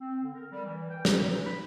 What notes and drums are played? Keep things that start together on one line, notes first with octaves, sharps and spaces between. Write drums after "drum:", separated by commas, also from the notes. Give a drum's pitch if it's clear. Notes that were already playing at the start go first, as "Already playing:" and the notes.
C4
D3
A#4
G3
E3
G5
E3, drum: snare
B4
D#4
B5